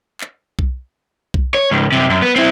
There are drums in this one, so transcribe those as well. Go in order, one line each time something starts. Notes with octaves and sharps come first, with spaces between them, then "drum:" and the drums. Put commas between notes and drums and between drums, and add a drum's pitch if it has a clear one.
drum: clap
drum: kick B1
drum: kick B1
C#5
C#2 G#2
F#2 C3
F#2
B3
C4 E4